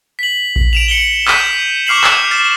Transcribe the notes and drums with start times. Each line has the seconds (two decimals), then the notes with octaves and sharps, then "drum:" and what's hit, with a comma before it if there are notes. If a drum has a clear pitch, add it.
0.19 B6 F#7
0.56 drum: kick A#1
0.73 D7 E7 F7
0.88 C#7 F#7 G7
1.28 G6 B6 D#7, drum: clap
1.87 C#6 D6 F6 C7 E7 F#7
2.04 drum: clap
2.31 F6 A6